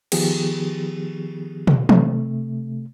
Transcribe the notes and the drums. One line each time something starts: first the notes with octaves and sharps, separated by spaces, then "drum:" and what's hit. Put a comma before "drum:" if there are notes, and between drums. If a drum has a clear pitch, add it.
D#3 F3 B3 G4 G#4, drum: cymbal
drum: tom
C3 A3, drum: tom